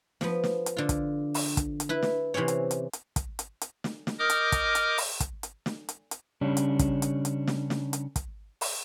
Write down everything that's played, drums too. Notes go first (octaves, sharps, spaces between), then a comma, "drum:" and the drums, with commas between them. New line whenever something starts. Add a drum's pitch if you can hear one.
F3 B3, drum: snare
drum: snare
drum: hi-hat
D3 F4
drum: kick, hi-hat
drum: open hi-hat
drum: kick, hi-hat
drum: hi-hat
E4 B4
drum: snare
C3 E3 C4 C#4 C#5
drum: hi-hat
drum: hi-hat
drum: hi-hat
drum: kick, hi-hat
drum: hi-hat
drum: hi-hat
drum: snare
drum: snare
A#4 D#5 D6 D#6 F6 G6
drum: hi-hat
drum: kick, hi-hat
drum: hi-hat
drum: open hi-hat
drum: kick, hi-hat
drum: hi-hat
drum: snare
drum: hi-hat
drum: hi-hat
C#3 G3 C#4 D4
drum: hi-hat
drum: kick, hi-hat
drum: hi-hat
drum: hi-hat
drum: snare
drum: snare
drum: hi-hat
drum: kick, hi-hat
drum: open hi-hat